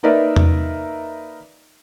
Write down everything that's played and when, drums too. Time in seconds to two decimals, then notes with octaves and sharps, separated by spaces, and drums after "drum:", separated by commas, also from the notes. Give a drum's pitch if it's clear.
0.03 A#3 D#4 A#4 B4 D5 E5
0.36 drum: tom E2